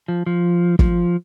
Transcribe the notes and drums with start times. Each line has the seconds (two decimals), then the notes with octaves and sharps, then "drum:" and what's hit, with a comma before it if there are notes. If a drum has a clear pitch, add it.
0.08 F3
0.26 F3
0.79 F3, drum: kick